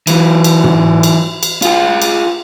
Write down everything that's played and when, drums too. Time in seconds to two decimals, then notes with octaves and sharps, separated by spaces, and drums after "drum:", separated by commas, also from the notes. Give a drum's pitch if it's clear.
0.07 E3 F#3, drum: cymbal
0.44 drum: cymbal
0.64 drum: tom
1.03 drum: cymbal
1.43 drum: cymbal
1.62 F4 G#4, drum: cymbal
2.02 drum: cymbal